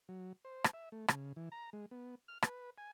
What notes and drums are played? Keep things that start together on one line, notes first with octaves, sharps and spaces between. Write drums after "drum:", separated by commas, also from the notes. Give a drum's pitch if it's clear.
F#3
C5
drum: rim click
E5
A3
C#3, drum: rim click
E3
A#5
G#3
B3
F6
B4, drum: rim click
G#5